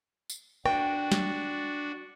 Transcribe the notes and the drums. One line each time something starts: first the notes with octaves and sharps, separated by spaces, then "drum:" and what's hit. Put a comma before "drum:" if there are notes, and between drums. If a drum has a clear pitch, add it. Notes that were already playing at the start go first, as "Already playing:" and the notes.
drum: tambourine
D4 F#4 G5, drum: rim click
drum: snare